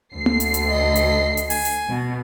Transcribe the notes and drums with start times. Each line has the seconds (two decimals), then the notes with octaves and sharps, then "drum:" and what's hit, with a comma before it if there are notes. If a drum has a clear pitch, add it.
0.14 D2 C7
0.26 drum: tom A#3
0.40 drum: hi-hat
0.54 drum: hi-hat
0.68 D#5
0.96 drum: hi-hat
1.37 drum: hi-hat
1.50 G#5, drum: open hi-hat
1.65 drum: hi-hat
1.89 B2